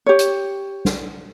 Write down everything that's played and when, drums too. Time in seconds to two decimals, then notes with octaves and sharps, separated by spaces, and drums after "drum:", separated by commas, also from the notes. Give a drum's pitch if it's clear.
0.06 G4 C#5
0.19 drum: hi-hat
0.85 drum: snare